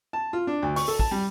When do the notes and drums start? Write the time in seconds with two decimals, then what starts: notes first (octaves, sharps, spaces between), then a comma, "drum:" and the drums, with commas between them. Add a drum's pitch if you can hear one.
0.13 A5
0.33 F4
0.47 D4
0.62 D2
0.76 C#6, drum: open hi-hat
0.88 A4
0.99 A5, drum: kick
1.11 G3